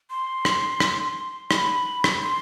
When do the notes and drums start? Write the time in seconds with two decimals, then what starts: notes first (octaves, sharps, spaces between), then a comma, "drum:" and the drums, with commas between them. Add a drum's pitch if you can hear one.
0.10 C6
0.45 drum: rim click
0.80 drum: rim click
1.51 B5, drum: rim click
2.04 drum: rim click
2.22 C6